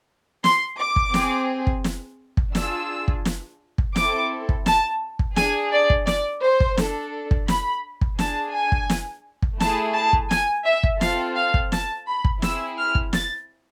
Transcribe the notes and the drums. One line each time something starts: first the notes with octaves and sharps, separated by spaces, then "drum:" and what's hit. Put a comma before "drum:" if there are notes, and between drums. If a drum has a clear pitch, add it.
C6, drum: snare
D6
drum: kick
C4 G#4, drum: snare
drum: kick
drum: snare
drum: kick
D4 F4 G#4 E6, drum: snare
drum: kick
drum: snare
drum: kick
C4 E4 A4 D6, drum: snare
drum: kick
A5, drum: snare
drum: kick
D4 G#4 G#5, drum: snare
D5
drum: kick
D5, drum: snare
C5
drum: kick
D4 A4, drum: snare
drum: kick
B5, drum: snare
drum: kick
D4 G#4 A5, drum: snare
G#5
drum: kick
drum: snare
drum: kick
A3 E4 G#4 A5, drum: snare
A5
drum: kick
G#5, drum: snare
E5
drum: kick
C4 F4 A4 F5, drum: snare
F5
drum: kick
A5, drum: snare
B5
drum: kick
C4 E4 G#4 E6, drum: snare
F6
drum: kick
A6, drum: snare